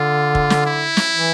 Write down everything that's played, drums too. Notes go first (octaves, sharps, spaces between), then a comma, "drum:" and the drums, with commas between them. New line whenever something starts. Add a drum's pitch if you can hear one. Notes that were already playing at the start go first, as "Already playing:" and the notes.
Already playing: D3 F4
drum: kick
drum: snare
E4
drum: snare
E3